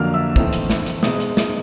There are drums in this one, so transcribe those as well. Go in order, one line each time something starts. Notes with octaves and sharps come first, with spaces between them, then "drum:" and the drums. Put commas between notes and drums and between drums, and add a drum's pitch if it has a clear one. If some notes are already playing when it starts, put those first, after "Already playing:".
Already playing: F2 D3 F#3 A#3 F5 F6
E5 E6
A2 E3 A3 C4 D#4, drum: kick
drum: hi-hat
drum: snare
drum: hi-hat
B2 G#3 C4 D#4 D#5 D#6, drum: snare
drum: hi-hat
drum: snare